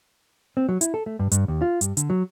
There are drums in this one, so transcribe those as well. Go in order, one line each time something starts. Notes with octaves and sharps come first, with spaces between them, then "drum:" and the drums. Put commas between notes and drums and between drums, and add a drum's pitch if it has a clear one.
C4
F#3
E4, drum: hi-hat
A4
A3
G2
G2, drum: hi-hat
D#2
F4
G2, drum: hi-hat
D3, drum: hi-hat
F#3